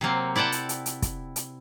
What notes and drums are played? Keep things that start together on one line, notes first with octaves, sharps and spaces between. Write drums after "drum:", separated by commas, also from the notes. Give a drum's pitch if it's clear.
C3 F#3 A#3 C4
E4 D5 F#5 G5 A5
drum: hi-hat
drum: hi-hat
drum: hi-hat
drum: kick, hi-hat
drum: hi-hat